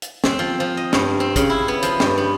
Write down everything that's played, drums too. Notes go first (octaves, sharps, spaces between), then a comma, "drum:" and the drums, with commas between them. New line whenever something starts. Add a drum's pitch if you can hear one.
drum: hi-hat
C4, drum: snare
F3
F3
D#5
G2, drum: snare
C4
C#3, drum: kick, hi-hat
E4
B3
F3, drum: hi-hat
G2, drum: snare
B3